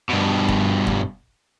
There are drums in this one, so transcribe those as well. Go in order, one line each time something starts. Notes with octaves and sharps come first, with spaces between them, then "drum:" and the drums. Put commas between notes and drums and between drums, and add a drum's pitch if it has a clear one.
G2 B2
drum: kick
drum: kick